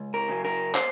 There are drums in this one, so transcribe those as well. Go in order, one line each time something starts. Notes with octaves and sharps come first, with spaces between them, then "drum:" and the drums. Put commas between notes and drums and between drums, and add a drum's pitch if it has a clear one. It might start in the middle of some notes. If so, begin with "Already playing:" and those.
Already playing: C#2
A#4
C#3 F#3
A#4
C5, drum: clap